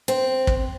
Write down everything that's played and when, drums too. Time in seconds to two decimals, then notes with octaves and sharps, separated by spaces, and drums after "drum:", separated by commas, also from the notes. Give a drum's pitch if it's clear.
0.08 C4
0.47 drum: kick